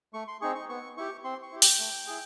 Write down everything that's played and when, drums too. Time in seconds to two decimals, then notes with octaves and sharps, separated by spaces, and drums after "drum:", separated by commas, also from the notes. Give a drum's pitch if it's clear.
0.14 A3 C#6
0.28 C6
0.41 C4 D#4 G#4 C#6
0.55 C#6
0.69 B3 C#6
0.97 E4 G4 C#6
1.24 C4 C6
1.43 C#6
1.52 E4 G4
1.62 G5, drum: open hi-hat
1.79 A3
2.07 E4 G#4